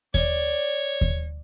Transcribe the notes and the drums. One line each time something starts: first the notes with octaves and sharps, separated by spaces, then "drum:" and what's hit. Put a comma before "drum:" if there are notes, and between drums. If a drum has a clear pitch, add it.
C#5 D5, drum: kick D#2
drum: kick D#2